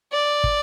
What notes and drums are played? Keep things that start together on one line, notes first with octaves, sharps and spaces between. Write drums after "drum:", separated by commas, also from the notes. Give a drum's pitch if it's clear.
D5
drum: kick